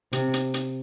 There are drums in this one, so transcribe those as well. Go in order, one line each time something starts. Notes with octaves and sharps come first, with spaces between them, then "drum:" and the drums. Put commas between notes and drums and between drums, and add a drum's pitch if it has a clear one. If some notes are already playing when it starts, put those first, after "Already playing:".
C3, drum: hi-hat
drum: hi-hat
drum: hi-hat